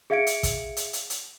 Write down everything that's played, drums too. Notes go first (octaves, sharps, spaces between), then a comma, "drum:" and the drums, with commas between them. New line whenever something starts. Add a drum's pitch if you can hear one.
G#4 E5 F5 G#6 C#7 D7
drum: hi-hat
drum: kick, hi-hat
drum: hi-hat
drum: hi-hat
drum: hi-hat